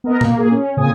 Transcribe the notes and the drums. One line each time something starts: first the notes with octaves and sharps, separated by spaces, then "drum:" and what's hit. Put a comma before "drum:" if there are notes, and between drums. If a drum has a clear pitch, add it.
B3 A#4 D#5
A#3, drum: tom A#2
A#2 A#3 G#4
C#4
A#2 C#3 C4 G#5 D#6